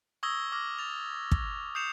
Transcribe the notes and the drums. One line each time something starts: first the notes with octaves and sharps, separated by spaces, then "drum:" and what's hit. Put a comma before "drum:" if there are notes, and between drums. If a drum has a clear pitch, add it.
C#6 D#6 E6 G#6 A#6 G7
D6 F6 A#6 F#7
A6 F7
drum: kick
D#6 G6 C7 C#7 E7 F7